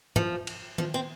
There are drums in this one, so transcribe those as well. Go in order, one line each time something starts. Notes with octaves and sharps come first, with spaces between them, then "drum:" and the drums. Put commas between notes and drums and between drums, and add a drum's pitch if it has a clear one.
F3, drum: tom G#2
drum: cymbal
F3, drum: tom D#3
C4